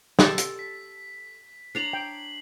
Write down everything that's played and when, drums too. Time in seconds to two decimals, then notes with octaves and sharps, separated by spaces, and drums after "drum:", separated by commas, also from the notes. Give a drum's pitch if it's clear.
0.19 G4 A4 A5 C6, drum: snare
0.38 drum: hi-hat
0.59 B6
1.75 D4 C#5 A#5 C7 F#7
1.93 G5